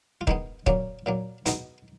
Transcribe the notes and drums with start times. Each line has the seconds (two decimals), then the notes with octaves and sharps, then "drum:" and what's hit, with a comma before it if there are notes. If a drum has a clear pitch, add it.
0.21 F4
0.27 D#3 G#3 B3 D#4, drum: kick
0.66 A#2 F#3 A#3 C#4, drum: kick
1.06 A#2 F#3 A#3
1.46 B2 G#3 B3 D#4, drum: hi-hat